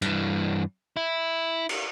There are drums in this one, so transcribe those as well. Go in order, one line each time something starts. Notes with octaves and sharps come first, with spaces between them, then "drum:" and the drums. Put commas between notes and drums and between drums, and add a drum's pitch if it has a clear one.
G2 E3, drum: hi-hat
E4
drum: cymbal